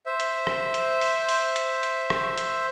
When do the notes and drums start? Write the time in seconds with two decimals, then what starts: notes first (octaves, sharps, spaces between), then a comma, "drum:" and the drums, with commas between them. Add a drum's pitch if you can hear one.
0.06 C5 E5
0.20 drum: hi-hat
0.47 drum: rim click
0.74 drum: hi-hat
1.01 drum: open hi-hat
1.29 drum: open hi-hat
1.56 drum: hi-hat
1.83 drum: hi-hat
2.10 drum: rim click
2.38 drum: hi-hat